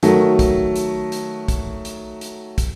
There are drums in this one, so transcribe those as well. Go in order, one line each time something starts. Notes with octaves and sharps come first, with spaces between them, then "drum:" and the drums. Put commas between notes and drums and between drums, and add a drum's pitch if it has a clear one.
D#3 F#3 A3, drum: hi-hat
drum: kick, hi-hat
drum: hi-hat
drum: hi-hat
drum: kick, hi-hat
drum: hi-hat
drum: hi-hat
drum: kick, hi-hat